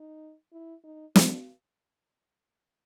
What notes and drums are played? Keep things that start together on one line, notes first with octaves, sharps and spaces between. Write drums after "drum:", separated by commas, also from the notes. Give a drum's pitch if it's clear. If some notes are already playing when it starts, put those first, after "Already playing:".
Already playing: D#4
E4
D#4
D4, drum: snare